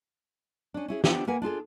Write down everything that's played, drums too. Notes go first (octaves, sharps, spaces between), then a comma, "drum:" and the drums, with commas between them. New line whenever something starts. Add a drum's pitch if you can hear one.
C#4 D4
C#4 E4 G#4
B3 D4 F4 G4 C5 D5, drum: snare
A#3 A#4 B4 F#5 G#5
D4 F4 G#4 A4